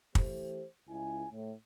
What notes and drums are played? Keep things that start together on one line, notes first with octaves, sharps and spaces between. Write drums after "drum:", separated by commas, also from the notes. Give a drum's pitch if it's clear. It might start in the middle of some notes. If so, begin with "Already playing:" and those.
E3 A3 G4 C5, drum: kick
C#2 E4 G#5
A2